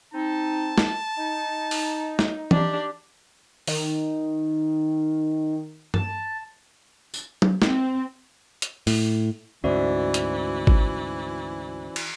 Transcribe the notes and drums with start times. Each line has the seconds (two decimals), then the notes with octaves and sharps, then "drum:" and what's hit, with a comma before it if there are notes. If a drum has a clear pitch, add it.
0.14 C4 D#4 A5
0.78 drum: snare
1.17 D#4
1.71 drum: open hi-hat
2.19 drum: snare
2.51 D4 G4, drum: tom E3
3.67 D#3, drum: open hi-hat
5.94 A5, drum: tom G2
7.14 drum: tambourine
7.42 drum: tom F#3
7.62 C4, drum: snare
8.62 drum: hi-hat
8.87 A2, drum: open hi-hat
9.64 D2 G#2 E3 C#4 F#4 C5 D5 E5
10.14 drum: hi-hat
10.67 drum: kick G#1
11.96 drum: cymbal